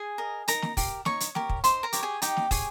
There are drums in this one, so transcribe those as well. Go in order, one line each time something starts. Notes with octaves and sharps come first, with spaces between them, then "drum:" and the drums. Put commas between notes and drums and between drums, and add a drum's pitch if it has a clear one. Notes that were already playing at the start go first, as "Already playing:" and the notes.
Already playing: G#4 G#5
A#4 D#5
D#4 A#4 A#5, drum: hi-hat
drum: snare
G4 A#4, drum: kick, open hi-hat
D#4 C#5 C#6, drum: snare
drum: hi-hat
G4 A#4, drum: snare
drum: kick
D#4 C5 C6, drum: hi-hat
A#4 A#5
G4 C#5, drum: hi-hat
G#4 G#5
D#4 G4 G5, drum: hi-hat
drum: snare
G4 G#4 C#5 G#5, drum: kick, open hi-hat